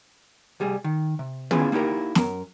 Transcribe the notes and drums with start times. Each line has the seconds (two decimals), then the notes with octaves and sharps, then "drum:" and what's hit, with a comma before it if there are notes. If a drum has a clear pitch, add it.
0.60 C2 G3 G#4
0.84 D#3
1.19 C3
1.51 B3 C#4 E4 F4 G#4 B4, drum: tom
1.72 A#3 D#4 E4 G4 A#4
2.15 F#2 A#4, drum: snare